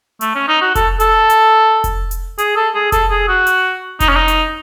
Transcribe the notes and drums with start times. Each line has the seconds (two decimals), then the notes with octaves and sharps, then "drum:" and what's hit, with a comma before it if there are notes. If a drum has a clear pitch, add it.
0.21 A3, drum: hi-hat
0.35 C#4
0.48 D#4
0.62 F#4
0.75 A4, drum: kick F1, hi-hat
1.00 A4, drum: hi-hat
1.30 drum: hi-hat
1.84 drum: kick F1, hi-hat
2.11 drum: hi-hat
2.38 G#4, drum: hi-hat
2.56 A4
2.75 G#4
2.92 A4, drum: kick F1, hi-hat
3.11 G#4
3.28 F#4
3.47 drum: hi-hat
4.00 D#4, drum: kick F1, hi-hat
4.09 C#4
4.16 D#4
4.28 drum: hi-hat